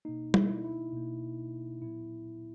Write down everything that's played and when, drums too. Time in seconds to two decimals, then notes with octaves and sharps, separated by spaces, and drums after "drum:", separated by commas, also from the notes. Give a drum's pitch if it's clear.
0.05 B2 A#3 D#4
0.34 E4, drum: tom G3
0.64 E4
0.93 B2 A#3
1.81 A#2 F#3 B3 E4